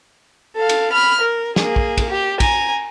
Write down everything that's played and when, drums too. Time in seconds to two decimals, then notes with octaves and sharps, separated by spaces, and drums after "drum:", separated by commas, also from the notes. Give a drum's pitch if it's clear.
0.55 A4 F5
0.69 drum: cymbal
0.93 B5 F6
1.21 A#4
1.56 A#3 G#4, drum: snare
1.76 drum: kick
1.98 drum: kick, cymbal
2.10 G4
2.40 G#5 A#5, drum: kick, cymbal